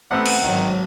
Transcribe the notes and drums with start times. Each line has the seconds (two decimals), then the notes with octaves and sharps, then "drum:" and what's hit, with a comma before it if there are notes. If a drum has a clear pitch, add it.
0.11 A1 A3 B3 C4 F#5 E6
0.26 drum: cymbal
0.42 G#1 D#3 F#3